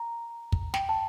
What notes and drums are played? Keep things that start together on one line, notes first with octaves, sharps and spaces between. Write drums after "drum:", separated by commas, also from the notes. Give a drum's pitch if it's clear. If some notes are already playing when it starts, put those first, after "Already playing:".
Already playing: A#5
drum: kick
G5, drum: snare
A5